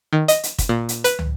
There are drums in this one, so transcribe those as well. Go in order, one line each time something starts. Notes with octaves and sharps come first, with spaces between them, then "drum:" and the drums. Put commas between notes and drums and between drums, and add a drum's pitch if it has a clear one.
D#3
D#5, drum: hi-hat
drum: hi-hat
drum: kick, hi-hat
A#2
drum: hi-hat
B4, drum: hi-hat
drum: tom